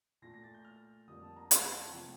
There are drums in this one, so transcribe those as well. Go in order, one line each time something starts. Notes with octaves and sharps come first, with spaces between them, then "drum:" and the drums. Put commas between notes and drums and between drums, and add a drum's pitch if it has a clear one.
A#2 A3 A#6
A#6
A6
G6
F6
F2 D3 G3 A#3 D#6
A5
A#5
C6, drum: hi-hat
A#5
A5
C3 F3 A3 G5